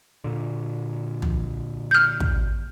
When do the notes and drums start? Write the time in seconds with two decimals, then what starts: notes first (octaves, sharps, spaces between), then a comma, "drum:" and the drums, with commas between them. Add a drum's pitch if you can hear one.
0.24 A#2 D3
1.22 drum: tom
1.91 F6 G6
2.20 drum: kick